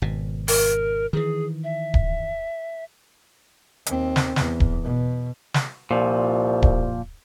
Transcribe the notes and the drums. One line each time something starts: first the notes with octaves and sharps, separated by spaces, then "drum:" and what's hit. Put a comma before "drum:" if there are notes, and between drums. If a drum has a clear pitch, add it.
G#1 B2
A#4, drum: open hi-hat
D#3 E3 G#4
E5
drum: kick D1
D#2 C4, drum: hi-hat
drum: snare
E2, drum: snare
drum: kick D1
B2
drum: snare
C2 A#2 F3
drum: kick D1